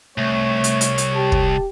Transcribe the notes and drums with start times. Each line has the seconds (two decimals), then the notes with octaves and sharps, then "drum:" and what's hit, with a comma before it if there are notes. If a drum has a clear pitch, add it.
0.18 C2 A3 C#5
0.64 drum: hi-hat
0.81 drum: hi-hat
0.98 drum: hi-hat
1.15 G4 A5
1.32 drum: kick